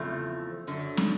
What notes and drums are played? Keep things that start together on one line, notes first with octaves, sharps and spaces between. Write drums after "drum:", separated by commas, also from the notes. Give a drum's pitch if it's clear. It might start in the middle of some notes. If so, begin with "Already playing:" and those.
Already playing: E2 C#3 F3 A3 C4
F#2 D3 F#3
drum: snare